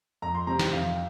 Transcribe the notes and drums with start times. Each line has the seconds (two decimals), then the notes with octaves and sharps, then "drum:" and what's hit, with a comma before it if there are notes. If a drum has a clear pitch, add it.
0.22 F2 A#5
0.35 C6
0.47 C3 G3 C4 A#5
0.59 G5, drum: snare
0.72 F2 F5